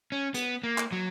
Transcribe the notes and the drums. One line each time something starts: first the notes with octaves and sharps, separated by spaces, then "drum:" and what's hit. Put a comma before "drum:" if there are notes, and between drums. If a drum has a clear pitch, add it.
C#4
B3, drum: hi-hat
A#3
drum: clap
F#3